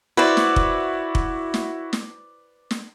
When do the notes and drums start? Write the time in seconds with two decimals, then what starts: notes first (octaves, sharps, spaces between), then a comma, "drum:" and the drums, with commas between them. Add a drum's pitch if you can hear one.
0.17 E4 F#4 B4 C5 D5
0.37 drum: snare
0.56 drum: kick
1.15 drum: kick
1.54 drum: snare
1.93 drum: snare
2.71 drum: snare